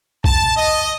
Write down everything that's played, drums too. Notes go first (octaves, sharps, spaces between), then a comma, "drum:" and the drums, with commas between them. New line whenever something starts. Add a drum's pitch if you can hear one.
A5, drum: kick B1
D#5